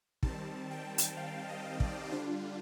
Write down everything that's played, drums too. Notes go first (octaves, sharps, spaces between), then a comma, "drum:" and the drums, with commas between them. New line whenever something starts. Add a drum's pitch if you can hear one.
D#3 G3 C4 A5, drum: kick
G5
drum: hi-hat
F5
D#5
D5, drum: kick
D3 G3 D4 F4 C5